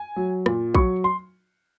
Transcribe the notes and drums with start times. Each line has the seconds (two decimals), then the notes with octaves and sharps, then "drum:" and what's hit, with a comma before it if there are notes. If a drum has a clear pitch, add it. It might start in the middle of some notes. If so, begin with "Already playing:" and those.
Already playing: G#5
0.16 F#3
0.46 A#2, drum: rim click
0.75 F#3 C#6, drum: kick A#1
1.04 C6